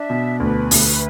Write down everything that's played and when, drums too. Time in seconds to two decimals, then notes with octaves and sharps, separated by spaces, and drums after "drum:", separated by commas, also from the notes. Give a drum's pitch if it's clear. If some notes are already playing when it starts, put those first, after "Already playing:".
Already playing: D4 E5
0.10 B2
0.40 D2 B4
0.71 D2, drum: open hi-hat